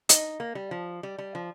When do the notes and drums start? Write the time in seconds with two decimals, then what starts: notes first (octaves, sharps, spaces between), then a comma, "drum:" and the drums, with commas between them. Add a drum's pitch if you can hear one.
0.09 D#4, drum: hi-hat
0.40 A#3
0.55 G3
0.71 F3
1.03 G3
1.19 G3
1.35 F3